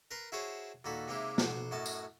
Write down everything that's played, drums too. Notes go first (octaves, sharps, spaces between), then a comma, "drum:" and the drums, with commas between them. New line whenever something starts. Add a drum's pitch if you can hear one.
A#4 B4 A#5 C6
E4 F#4 G#4 C5 C#5 A5
D#2 A#2 F#4 A4 B5
C3 G#3 A#3 D#4 E4 G4
B1 C5 F#5, drum: snare
F#2 A2 F#4 D#5 A5
drum: tambourine